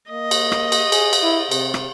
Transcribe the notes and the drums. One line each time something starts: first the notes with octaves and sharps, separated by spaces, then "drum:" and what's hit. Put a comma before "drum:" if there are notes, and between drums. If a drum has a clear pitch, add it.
A#3 D#5
drum: cymbal
drum: rim click
drum: cymbal
G#4, drum: cymbal
drum: cymbal
E4
C3, drum: cymbal
drum: rim click